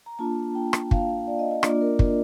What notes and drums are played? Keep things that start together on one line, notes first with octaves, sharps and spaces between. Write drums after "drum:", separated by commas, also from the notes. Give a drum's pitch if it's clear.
A#5
A#3 D4 F4 A5
G5
drum: rim click
F5, drum: kick
D5
D#5
D#5
A#3 D4 F4 D5, drum: rim click
A#4
drum: kick